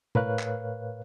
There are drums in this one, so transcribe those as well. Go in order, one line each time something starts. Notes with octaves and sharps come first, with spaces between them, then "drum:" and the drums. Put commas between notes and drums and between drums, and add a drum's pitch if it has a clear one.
A2 A#4 B4 C#5 F5 F#6, drum: tom
drum: clap